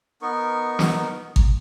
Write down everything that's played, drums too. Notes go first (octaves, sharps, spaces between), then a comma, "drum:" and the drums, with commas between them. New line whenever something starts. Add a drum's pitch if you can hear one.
B3 D#4 A#4 C#6
drum: snare
drum: kick G#1